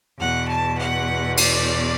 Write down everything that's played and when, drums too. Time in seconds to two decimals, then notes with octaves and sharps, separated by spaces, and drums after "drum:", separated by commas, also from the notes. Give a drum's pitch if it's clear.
0.18 E2 B2 F#5
0.48 A5
0.78 F#5
1.37 D5, drum: cymbal